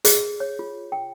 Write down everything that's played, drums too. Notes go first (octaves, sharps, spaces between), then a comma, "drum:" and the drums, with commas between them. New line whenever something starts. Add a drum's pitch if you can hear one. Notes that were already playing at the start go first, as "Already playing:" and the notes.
G#4, drum: hi-hat
C#5
F4
G5